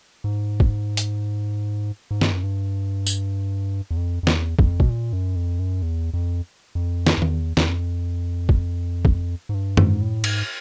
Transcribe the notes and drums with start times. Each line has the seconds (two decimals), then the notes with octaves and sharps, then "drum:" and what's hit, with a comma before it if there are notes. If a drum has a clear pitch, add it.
0.24 G#2
0.60 drum: kick
0.97 drum: hi-hat
2.11 G#2
2.21 G2, drum: snare
2.32 F#2
2.44 G2
3.06 drum: tambourine
3.91 E2
3.97 F2
4.23 F2
4.27 E2, drum: snare
4.59 F2, drum: kick
4.80 B2, drum: kick
4.90 A#2
5.13 F#2
5.36 F2
5.59 F#2
5.82 E2
6.14 F2
6.75 F2
7.06 drum: snare
7.18 F2
7.22 E2, drum: tom D#3
7.57 E2, drum: snare
7.68 F2
8.49 drum: kick
9.05 drum: kick
9.49 G#2
9.54 G2
9.77 G#2, drum: tom F#2
10.01 A2
10.24 G#2, drum: cymbal